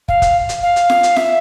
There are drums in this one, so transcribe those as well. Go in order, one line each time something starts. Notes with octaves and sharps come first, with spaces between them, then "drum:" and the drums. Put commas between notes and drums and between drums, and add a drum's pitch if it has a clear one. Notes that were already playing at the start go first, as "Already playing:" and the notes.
F5, drum: kick
drum: kick, hi-hat
drum: hi-hat
F5
drum: hi-hat
drum: snare F4
drum: hi-hat
E5, drum: snare F4